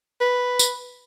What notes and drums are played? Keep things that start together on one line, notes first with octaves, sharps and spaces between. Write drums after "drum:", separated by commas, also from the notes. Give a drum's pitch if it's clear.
B4
drum: tambourine